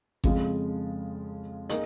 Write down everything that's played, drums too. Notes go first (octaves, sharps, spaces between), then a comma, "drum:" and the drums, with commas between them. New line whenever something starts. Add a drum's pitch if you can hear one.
F2 C#3 F3 G#3, drum: kick G#1
A#3 D#4 G#4, drum: hi-hat